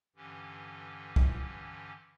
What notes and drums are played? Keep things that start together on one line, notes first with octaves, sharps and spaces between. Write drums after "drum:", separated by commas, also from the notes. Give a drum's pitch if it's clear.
G2 D3 E3 C#4 G4
drum: kick